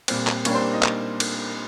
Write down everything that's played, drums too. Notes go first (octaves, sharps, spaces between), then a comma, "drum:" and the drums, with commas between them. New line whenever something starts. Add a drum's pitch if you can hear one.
A#2 G3 C4, drum: cymbal
drum: clap
A#2 G3 A#3 C#4 D4 C#5, drum: cymbal
C4 C5
D#4 D#5
drum: clap
drum: cymbal